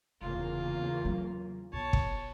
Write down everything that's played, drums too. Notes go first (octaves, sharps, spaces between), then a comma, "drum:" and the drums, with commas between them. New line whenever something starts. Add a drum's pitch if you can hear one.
F1 E2 C#3 A#3 F4
F#3 C4
B1 C#5 A5
drum: kick